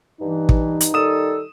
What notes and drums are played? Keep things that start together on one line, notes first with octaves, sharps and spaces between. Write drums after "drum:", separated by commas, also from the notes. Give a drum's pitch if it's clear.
G2 E3 D#4
drum: kick
drum: hi-hat
D#3 G3 A4 D#6 E7